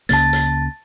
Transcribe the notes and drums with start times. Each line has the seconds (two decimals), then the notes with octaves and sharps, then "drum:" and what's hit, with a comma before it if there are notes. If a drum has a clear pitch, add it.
0.09 C#2 C#3 A#3 A5 A6, drum: hi-hat
0.33 drum: hi-hat